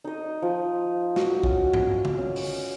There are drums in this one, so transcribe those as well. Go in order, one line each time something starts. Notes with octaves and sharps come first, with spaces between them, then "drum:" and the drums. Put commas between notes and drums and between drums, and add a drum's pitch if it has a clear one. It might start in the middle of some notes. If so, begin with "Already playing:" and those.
D#4 D#5
F3
F#4, drum: snare
C#4, drum: kick
drum: tom G2
drum: tom
C#4
drum: open hi-hat